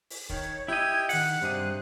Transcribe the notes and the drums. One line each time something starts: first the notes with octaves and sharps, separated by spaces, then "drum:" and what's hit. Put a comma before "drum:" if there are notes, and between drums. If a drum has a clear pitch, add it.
drum: open hi-hat
D#3 C#5, drum: kick E1
E4 G4 D#5 G#6
D#3 F#5 F#6, drum: open hi-hat
G2 C3 G#4